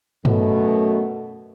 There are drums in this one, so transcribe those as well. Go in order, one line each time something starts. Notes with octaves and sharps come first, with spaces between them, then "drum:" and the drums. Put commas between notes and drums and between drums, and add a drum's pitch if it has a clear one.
F#2 B2 A3, drum: tom G2